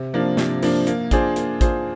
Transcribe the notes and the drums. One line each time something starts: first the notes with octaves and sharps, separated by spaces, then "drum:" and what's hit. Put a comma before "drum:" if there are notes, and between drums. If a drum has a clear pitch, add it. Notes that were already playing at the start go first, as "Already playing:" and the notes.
Already playing: C3
F3 A#3 D4
C3, drum: snare
F3 A#3 D4, drum: open hi-hat
A#3, drum: hi-hat
D4 F4 G#4 C5, drum: kick, hi-hat
A#3, drum: hi-hat
D4 F4 G#4 C5, drum: kick, hi-hat